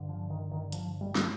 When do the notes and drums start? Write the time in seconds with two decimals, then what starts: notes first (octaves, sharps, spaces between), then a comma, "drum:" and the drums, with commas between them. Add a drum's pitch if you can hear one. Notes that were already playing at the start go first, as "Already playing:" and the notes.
Already playing: G2 D3
0.09 F3
0.30 D#3
0.51 D#3
0.72 F3, drum: hi-hat
1.01 G3
1.15 drum: snare